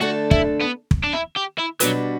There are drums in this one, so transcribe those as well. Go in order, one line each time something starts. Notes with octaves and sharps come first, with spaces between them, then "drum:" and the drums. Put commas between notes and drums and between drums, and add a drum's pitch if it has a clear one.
D3 A3 D4 F#4 A4
E4, drum: kick
B3
drum: kick
D4
E4
G4
E4
B2 F#3 G3 D4 F#4 B4, drum: hi-hat